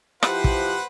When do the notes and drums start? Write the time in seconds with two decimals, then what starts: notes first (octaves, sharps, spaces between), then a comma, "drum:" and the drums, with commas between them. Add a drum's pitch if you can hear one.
0.23 F3 E4 G4 B4 C5 F#5, drum: rim click
0.44 drum: kick